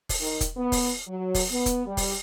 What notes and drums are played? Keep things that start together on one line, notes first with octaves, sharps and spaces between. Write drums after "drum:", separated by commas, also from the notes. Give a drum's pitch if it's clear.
drum: kick, open hi-hat
D#3
drum: kick, hi-hat
B3
drum: kick, open hi-hat
F#3
drum: kick, open hi-hat
B3
drum: kick, hi-hat
G3
drum: kick, open hi-hat